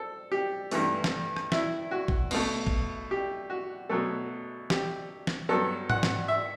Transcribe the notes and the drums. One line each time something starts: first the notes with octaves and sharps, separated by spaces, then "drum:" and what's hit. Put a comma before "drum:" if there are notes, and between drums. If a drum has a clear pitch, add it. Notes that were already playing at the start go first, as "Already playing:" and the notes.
Already playing: A4 C5
G4
G2 E3 A3, drum: open hi-hat
drum: snare
drum: rim click
E4, drum: snare
F#4
drum: kick
B2 A3, drum: cymbal
drum: kick
G4
F#4
B2 F#3 A3 A4
G4, drum: snare
drum: snare
G2 F#3 B3 A4
F#5, drum: tom G#2
drum: snare
E5